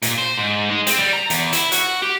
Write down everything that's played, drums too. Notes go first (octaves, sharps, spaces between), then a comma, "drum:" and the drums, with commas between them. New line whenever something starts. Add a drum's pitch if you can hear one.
A#2, drum: hi-hat
C5
G#2
G#3
C4, drum: hi-hat
G3
A#5
E2, drum: hi-hat
E4, drum: hi-hat
F#4, drum: hi-hat
G4